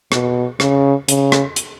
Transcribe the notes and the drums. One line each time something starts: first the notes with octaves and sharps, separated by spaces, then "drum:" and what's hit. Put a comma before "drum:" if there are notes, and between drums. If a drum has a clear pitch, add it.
B2, drum: rim click
C#3, drum: rim click
C#3, drum: hi-hat
drum: rim click
drum: hi-hat